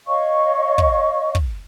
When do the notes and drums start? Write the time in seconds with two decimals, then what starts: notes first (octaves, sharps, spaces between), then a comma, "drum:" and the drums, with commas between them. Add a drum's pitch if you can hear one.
0.07 C#5 D#5 F5 C#6
0.78 drum: kick
1.35 drum: kick